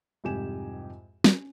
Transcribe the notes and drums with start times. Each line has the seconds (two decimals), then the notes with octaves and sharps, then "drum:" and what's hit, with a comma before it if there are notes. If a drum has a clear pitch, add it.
0.24 C2 F2 G#2 G4 G#5 E7
1.24 C#4, drum: snare